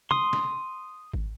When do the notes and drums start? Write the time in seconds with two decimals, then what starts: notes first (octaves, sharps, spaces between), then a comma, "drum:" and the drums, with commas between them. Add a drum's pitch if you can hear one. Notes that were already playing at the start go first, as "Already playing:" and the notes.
0.11 C6 D#6, drum: tom
0.33 drum: snare
1.14 drum: kick G#1